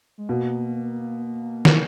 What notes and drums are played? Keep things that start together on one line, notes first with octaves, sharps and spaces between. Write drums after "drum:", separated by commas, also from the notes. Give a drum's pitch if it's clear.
G#3
B2 A#3
drum: snare